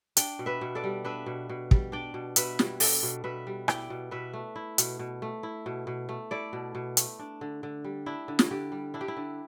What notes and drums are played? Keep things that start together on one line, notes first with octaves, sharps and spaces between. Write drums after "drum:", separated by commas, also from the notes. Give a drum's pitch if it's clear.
D4 D5 G5, drum: hi-hat
B2
B4 E5
B2
A4 D5
G3
D4 B4 E5
B2
B2
G3, drum: kick
D4 D5 G5
B2
B2 B4 E5, drum: hi-hat
G3, drum: snare
D4 A4 D5, drum: open hi-hat
B2
B2 B4 E5
G3
E4 D5 G5, drum: rim click
B2
B2 B4 E5
A3
E4
B2, drum: hi-hat
B2
A3
E4
B2
B2
A3
E4 A4 D5
B2
B2
A3, drum: hi-hat
D4
D3
D3
G3
D4 E4
D3
drum: snare
D3 G4
G3
D4 E4
G4
E4
D3